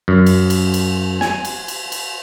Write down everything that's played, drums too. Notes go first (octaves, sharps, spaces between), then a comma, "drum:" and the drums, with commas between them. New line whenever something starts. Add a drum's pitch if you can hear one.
F#2
drum: cymbal
drum: cymbal
drum: cymbal
G#5, drum: snare
drum: cymbal
drum: cymbal
drum: cymbal